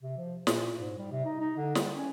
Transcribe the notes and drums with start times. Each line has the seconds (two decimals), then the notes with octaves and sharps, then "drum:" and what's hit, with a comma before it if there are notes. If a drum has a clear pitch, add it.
0.03 C3
0.17 F3
0.47 A#2, drum: snare
0.79 G#2
0.98 G3
1.11 C3
1.25 D#4
1.40 D#4
1.57 D3
1.75 G3, drum: snare
1.96 C#4